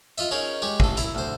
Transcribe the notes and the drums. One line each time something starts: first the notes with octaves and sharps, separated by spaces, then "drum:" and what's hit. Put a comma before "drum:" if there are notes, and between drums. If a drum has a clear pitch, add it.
F4 D#5 E5, drum: hi-hat
C#4 D#4 G#4 A#4 C#5
G#3 G4 C#5
A1 A4, drum: kick
E4 A#5, drum: hi-hat
D2 C5